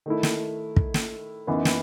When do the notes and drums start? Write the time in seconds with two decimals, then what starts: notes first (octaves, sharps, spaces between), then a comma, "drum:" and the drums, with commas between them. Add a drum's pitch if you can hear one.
0.06 D#3 A3 E4
0.23 drum: snare
0.76 drum: kick
0.94 drum: snare
1.47 F#2 E3 B3 D#4
1.65 drum: snare